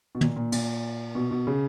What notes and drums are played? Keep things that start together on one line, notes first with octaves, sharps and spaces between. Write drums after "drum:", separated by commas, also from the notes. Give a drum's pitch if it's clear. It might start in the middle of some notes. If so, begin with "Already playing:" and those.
B2
A#2, drum: tom
A#2
A#2, drum: cymbal
B2
B2
C#3